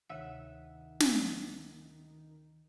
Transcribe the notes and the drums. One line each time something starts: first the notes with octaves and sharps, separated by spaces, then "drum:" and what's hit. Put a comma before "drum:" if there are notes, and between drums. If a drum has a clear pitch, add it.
D2 C3 D#3 C#5 E5 F#5
drum: snare